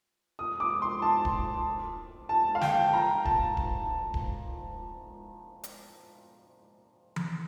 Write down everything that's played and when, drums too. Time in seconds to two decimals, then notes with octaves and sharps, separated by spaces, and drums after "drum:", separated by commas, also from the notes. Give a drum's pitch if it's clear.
0.39 D#6
0.60 D6
0.82 C6
1.02 A5
1.25 drum: kick D1
2.29 A5
2.55 F5
2.61 G5, drum: snare
2.93 A#5
3.25 A5, drum: kick D1
3.57 drum: kick D1
4.14 drum: kick D1
5.63 drum: hi-hat
7.16 drum: tom E3